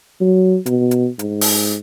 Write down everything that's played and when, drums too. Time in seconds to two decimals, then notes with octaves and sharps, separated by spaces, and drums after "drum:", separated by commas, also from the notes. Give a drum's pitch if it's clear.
0.21 F#3
0.66 B2, drum: hi-hat
0.91 drum: hi-hat
1.19 G#2, drum: hi-hat
1.41 drum: open hi-hat